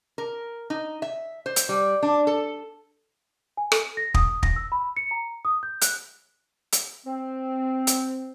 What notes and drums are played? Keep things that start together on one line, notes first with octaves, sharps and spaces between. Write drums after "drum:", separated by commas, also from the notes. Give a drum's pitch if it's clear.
A#4
D#4
E5
C5
drum: hi-hat
G3
D4
A4
G#5
A4, drum: rim click
A#6
D#6, drum: kick
A#6, drum: kick
E6
B5
C#7
A#5
D#6
G6
F#6, drum: hi-hat
drum: hi-hat
C4
drum: hi-hat